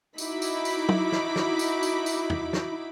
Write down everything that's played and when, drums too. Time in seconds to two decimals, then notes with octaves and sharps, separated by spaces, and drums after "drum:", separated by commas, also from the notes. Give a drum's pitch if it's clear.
0.18 D#4 E4 F#4 B5 D6, drum: tambourine
0.42 drum: tambourine
0.65 drum: tambourine
0.89 drum: tom
1.12 drum: snare
1.36 drum: snare
1.59 drum: tambourine
1.83 drum: tambourine
2.06 drum: tambourine
2.30 drum: tom E2
2.53 drum: snare